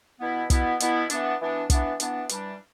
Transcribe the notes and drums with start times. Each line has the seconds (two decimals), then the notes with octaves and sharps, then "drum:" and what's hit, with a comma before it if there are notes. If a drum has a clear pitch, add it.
0.20 B2 B3 E4
0.50 B2 B3 E4, drum: kick, hi-hat
0.80 B2 B3 E4, drum: hi-hat
1.10 E3 B3 D4, drum: hi-hat
1.40 E3 B3 D4
1.70 E3 B3 D4, drum: kick, hi-hat
2.00 E3 B3 D4, drum: hi-hat
2.29 E3 G3 D4, drum: hi-hat